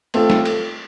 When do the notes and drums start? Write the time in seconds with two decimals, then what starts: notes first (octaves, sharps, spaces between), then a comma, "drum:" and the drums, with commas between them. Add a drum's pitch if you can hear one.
0.14 A3 C4 F4 A4, drum: cymbal
0.30 drum: snare
0.45 drum: cymbal